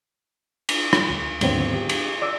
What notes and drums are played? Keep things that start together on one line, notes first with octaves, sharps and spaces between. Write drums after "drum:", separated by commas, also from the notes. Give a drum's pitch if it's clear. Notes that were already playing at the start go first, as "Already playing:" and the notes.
drum: cymbal
drum: rim click
D2
D#2 G#2 D3 F#3 B3 C4, drum: cymbal
G4
drum: cymbal
D5 D6 E6